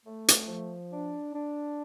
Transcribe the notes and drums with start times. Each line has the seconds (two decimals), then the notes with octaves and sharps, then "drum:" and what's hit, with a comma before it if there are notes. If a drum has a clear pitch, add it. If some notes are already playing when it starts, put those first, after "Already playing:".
0.05 A3
0.28 drum: hi-hat
0.47 F3
0.92 D4
1.34 D4